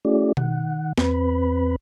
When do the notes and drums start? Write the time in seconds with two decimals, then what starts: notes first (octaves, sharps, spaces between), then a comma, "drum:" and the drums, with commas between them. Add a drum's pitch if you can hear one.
0.05 A3 C#4 E4 F#4 G#4 D5
0.37 D#3 F#5, drum: tom B2
0.98 E2 C4 B4 B5, drum: snare